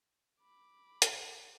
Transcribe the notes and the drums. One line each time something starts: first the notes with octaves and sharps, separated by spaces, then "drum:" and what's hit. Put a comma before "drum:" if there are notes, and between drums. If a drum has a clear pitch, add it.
B5 D6
drum: hi-hat